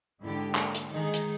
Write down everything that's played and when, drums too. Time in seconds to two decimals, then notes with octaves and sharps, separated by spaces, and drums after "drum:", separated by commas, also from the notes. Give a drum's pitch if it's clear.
0.21 G#2 D3 E4 G4
0.55 A#3, drum: clap
0.75 drum: hi-hat
0.91 D#3 G#3 D#4 G#4
1.14 drum: hi-hat